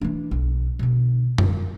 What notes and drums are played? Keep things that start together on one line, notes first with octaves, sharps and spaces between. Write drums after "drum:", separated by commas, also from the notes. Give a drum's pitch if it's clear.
E3 D4
B1
B2 D3
F#2, drum: tom F#2